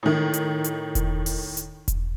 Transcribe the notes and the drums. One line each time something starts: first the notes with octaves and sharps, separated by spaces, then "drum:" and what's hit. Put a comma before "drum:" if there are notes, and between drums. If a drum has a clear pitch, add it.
A2 D#3
drum: hi-hat
drum: hi-hat
drum: kick E1, hi-hat
drum: open hi-hat
drum: hi-hat
drum: kick E1, hi-hat